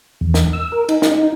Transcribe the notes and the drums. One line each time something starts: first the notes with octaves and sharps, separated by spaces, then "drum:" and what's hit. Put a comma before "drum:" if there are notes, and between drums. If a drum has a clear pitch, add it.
E2
drum: snare
E6
A#4
D#4, drum: cymbal
drum: snare
D#4